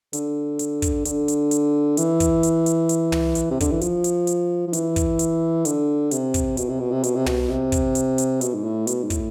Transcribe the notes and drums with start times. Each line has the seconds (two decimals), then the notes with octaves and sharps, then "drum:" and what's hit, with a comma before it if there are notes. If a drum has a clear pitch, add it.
0.13 D3, drum: hi-hat
0.59 drum: hi-hat
0.82 drum: kick, hi-hat
1.05 D3, drum: hi-hat
1.28 drum: hi-hat
1.51 drum: hi-hat
1.97 E3, drum: hi-hat
2.20 drum: kick, hi-hat
2.43 drum: hi-hat
2.66 drum: hi-hat
2.89 drum: hi-hat
3.12 drum: tom
3.35 drum: hi-hat
3.50 C3
3.60 D3, drum: kick, hi-hat
3.71 E3
3.81 F3, drum: hi-hat
4.04 drum: hi-hat
4.27 drum: hi-hat
4.67 F3
4.73 E3, drum: hi-hat
4.96 drum: kick, hi-hat
5.19 drum: hi-hat
5.65 D3, drum: hi-hat
6.11 C3, drum: hi-hat
6.34 drum: kick, hi-hat
6.57 B2, drum: hi-hat
6.69 C3
6.80 B2
6.92 C3
7.03 B2, drum: hi-hat
7.15 C3
7.26 B2, drum: tom
7.49 C3
7.72 drum: kick, hi-hat
7.95 drum: hi-hat
8.18 drum: hi-hat
8.41 B2, drum: hi-hat
8.54 G#2
8.64 A2
8.87 B2, drum: hi-hat
9.04 G#2
9.10 A2, drum: kick, hi-hat